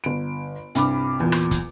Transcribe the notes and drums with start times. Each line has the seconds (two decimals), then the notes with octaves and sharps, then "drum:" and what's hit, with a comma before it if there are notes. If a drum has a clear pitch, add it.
0.04 G1 D7
0.75 C2 G2 B5 D6, drum: hi-hat
1.20 E2 A#2
1.32 drum: rim click
1.51 drum: kick, hi-hat